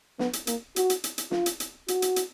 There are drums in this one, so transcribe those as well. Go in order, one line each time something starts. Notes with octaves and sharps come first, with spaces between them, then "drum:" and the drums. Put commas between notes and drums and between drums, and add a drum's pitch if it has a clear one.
B3, drum: snare
drum: hi-hat
A#3, drum: hi-hat
F#4, drum: hi-hat
drum: hi-hat
drum: hi-hat
drum: hi-hat
F4, drum: snare
drum: hi-hat
drum: hi-hat
F#4, drum: hi-hat
drum: hi-hat
drum: hi-hat